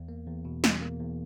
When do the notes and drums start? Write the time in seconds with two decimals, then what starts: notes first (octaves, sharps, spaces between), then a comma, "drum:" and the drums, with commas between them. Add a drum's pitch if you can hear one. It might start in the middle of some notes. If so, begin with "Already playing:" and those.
Already playing: E2
0.09 A#3
0.27 E2
0.45 B2
0.64 E2, drum: snare
0.81 A#3
1.00 E2